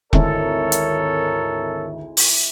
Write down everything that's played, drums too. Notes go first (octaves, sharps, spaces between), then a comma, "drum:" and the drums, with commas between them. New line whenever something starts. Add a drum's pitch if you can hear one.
G#1 D2 G#3 E4 A4 A#4 C#5 A#5, drum: kick E1
drum: hi-hat
drum: open hi-hat